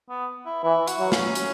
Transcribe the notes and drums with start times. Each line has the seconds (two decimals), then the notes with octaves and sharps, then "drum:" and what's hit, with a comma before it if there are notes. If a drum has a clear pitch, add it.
0.09 B3
0.46 E4
0.63 E3 E4
0.87 F#4, drum: hi-hat
1.00 F#3
1.12 C#4, drum: snare
1.35 drum: hi-hat